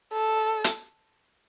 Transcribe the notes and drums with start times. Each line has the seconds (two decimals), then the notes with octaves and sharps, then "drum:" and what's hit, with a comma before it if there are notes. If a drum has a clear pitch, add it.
0.13 A4
0.64 drum: hi-hat